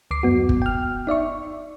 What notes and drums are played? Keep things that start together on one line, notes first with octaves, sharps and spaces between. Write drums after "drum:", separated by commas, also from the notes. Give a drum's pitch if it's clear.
D2 D6 C7
F#2 B3 F#4
drum: kick
G5 F6
D#4 D5 E5 C#6